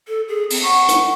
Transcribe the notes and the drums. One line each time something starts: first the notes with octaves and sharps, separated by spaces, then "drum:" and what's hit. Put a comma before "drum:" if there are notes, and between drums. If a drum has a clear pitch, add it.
A4
G#4
C4, drum: open hi-hat
F#5 C#6
drum: hi-hat